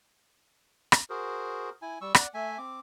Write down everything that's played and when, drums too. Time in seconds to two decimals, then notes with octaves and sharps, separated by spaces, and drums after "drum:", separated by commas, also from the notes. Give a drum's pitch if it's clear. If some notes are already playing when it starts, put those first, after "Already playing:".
0.92 drum: rim click
1.10 F#4 G#4 A#4 C5
1.82 E4 G#5
2.01 G3 C#6 E6
2.15 D5 F#5, drum: rim click
2.34 A3 E5 G#5
2.58 C4 D6